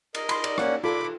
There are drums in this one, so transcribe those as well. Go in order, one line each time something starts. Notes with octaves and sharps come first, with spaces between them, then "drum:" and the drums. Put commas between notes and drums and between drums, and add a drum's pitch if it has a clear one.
A#4 D#5, drum: cymbal
B5 C6, drum: cymbal
D5, drum: cymbal
A#3 C#4 F#5, drum: rim click
A2 A#3 D4 F4 A4 B5 D6
D#3 E3